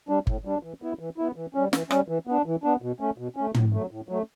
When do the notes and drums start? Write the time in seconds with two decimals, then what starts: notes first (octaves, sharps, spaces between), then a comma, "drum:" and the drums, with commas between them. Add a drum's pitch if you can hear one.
0.09 G3 D4
0.27 A2, drum: kick G1
0.45 G3 D4
0.63 E3
0.82 B3 E4
0.99 E3
1.18 B3 E4
1.36 E3
1.55 G3 C#4
1.73 E3, drum: snare
1.91 G3 C#4, drum: rim click
2.08 E3
2.27 B3 D4
2.46 E3
2.64 B3 D4
2.82 B2
3.00 A3 C#4
3.18 B2
3.36 A3 C#4
3.55 A2, drum: tom
3.73 F#3 A3
3.91 A2
4.09 F#3 A3